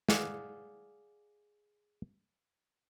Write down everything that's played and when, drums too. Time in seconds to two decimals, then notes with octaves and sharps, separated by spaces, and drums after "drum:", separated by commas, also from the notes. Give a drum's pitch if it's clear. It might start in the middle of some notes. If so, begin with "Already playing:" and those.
0.09 G#4 D5 F5 F#5, drum: snare